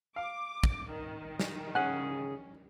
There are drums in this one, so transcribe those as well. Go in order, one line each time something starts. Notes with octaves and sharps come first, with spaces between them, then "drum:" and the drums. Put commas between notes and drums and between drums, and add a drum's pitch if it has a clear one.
F5 D6
drum: kick
D#3
drum: snare
C#3 C#4 G#4 F#5 F#6